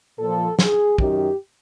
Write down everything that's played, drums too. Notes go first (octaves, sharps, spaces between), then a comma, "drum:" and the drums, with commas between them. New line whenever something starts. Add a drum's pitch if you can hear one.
A#2 F3 A4
G#4, drum: snare
F#2 D#3 G4, drum: kick